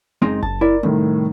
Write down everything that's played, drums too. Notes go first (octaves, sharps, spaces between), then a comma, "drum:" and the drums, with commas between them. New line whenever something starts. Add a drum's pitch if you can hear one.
F#1 G#3 C4 D#4
A5, drum: kick F#1
E4 A#4 D5
C2 A2 D#3